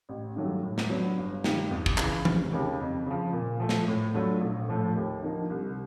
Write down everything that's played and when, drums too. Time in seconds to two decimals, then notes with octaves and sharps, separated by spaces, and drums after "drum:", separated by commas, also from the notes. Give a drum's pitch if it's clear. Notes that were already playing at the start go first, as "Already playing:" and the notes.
0.09 A1
0.36 G2 D#3 F#3 A3
0.63 A2
0.78 drum: snare
0.90 F#3 B3 D4
1.17 G1
1.44 G2 D#3 G3, drum: snare
1.71 E2
1.86 drum: kick
1.98 C#3 E3, drum: clap
2.25 F1, drum: tom
2.53 D#2 C#3
2.80 F2
3.06 C#3 F3
3.33 A#2
3.60 F3 A3
3.69 drum: snare
3.88 A2
4.14 F#3 A3 D4 F4
4.41 A#1
4.69 A2 F3 A3
4.95 D#2
5.22 D3 F3 A#3 D#4
5.50 C2